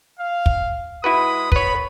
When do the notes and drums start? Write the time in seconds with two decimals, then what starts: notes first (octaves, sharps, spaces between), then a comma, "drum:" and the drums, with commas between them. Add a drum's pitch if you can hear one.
0.19 F5
0.46 drum: kick
1.04 G#3 E4 F#4 B4 B5 D#6
1.52 B3 B4 C#5 B5, drum: kick